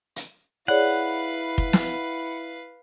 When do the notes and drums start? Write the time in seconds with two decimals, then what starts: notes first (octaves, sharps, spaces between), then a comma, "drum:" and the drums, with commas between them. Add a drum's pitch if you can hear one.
0.16 drum: hi-hat
0.68 E4 G#4 B4 C#5 D5 F5 F#5
1.58 drum: kick
1.73 drum: snare